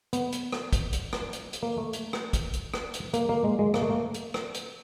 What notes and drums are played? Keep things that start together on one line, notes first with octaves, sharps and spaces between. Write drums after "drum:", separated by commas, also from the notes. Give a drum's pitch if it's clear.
B3, drum: hi-hat
drum: hi-hat
drum: rim click
drum: kick, hi-hat
drum: hi-hat
drum: rim click
drum: hi-hat
drum: hi-hat
A#3
A3
drum: hi-hat
drum: rim click
drum: kick, hi-hat
drum: hi-hat
drum: rim click
drum: hi-hat
A#3, drum: hi-hat
A#3
G#3
G#3
A#3, drum: rim click
A3
A#3
drum: hi-hat
drum: rim click
drum: hi-hat